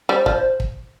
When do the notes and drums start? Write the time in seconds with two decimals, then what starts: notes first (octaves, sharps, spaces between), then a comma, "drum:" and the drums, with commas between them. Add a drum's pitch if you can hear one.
0.09 G3 C5
0.22 D5
0.26 F3, drum: kick
0.35 C5
0.60 drum: kick